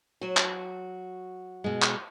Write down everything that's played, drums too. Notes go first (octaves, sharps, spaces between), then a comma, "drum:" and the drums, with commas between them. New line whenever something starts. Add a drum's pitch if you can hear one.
F#3 F#4
drum: clap
B2 G#3
drum: clap